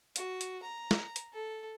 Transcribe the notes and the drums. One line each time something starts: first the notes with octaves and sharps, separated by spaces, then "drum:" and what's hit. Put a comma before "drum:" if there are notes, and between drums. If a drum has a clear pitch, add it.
F#4, drum: hi-hat
drum: hi-hat
A#5
drum: snare
drum: hi-hat
A4